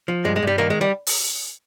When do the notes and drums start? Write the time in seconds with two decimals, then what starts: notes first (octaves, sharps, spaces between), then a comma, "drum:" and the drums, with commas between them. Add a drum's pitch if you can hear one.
0.08 F3
0.25 G2 G#3
0.36 G#3
0.43 G2 G3
0.58 D#3 A#3
0.70 G#3
0.81 G3
1.07 drum: open hi-hat